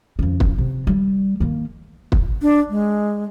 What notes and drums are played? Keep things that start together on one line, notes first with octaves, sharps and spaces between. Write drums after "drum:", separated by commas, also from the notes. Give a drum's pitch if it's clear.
F2 C#3
drum: kick
C3
G3
D#3 A#3
drum: kick
D4
G#3